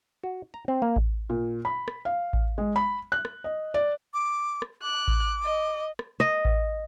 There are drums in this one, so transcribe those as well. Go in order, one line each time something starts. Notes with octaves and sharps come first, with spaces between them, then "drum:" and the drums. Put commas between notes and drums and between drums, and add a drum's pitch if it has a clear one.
F#4
A#5
C4
A#3
drum: kick A1
A#2
B5
drum: rim click
F5
drum: kick A1
G#3
B5
F#6
drum: rim click
D#5
D5
D6
drum: rim click
D6 F#6
drum: kick A1
D#5
drum: rim click
D#5
drum: kick A1